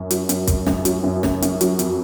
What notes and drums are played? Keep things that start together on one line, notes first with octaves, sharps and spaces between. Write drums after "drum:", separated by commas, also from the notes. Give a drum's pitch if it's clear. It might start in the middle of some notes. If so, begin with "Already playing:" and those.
Already playing: F#2
F#3, drum: hi-hat
F#2, drum: hi-hat
C#3, drum: kick, hi-hat
F#2, drum: snare
F#3, drum: hi-hat
F#2
C#3, drum: snare
F#2, drum: hi-hat
F#3, drum: hi-hat
F2, drum: hi-hat